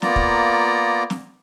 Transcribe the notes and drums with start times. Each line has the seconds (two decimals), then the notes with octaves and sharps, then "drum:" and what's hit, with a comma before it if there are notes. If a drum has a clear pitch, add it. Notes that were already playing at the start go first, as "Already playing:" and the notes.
0.02 A#3 B3 F4 D5 A#5, drum: snare
0.16 drum: kick
1.10 drum: snare